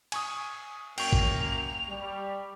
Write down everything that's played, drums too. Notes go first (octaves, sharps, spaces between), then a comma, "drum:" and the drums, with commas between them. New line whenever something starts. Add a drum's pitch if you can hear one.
G#5 C#6 D#6, drum: cymbal
F#2 A#3 G5 C#6 D7 F7, drum: cymbal
drum: kick
G3